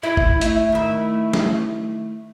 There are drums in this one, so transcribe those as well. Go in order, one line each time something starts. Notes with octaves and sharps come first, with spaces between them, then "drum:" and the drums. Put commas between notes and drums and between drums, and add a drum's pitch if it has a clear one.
E4 E5
drum: kick G#1
A3 E5, drum: hi-hat
D#3 E4
drum: snare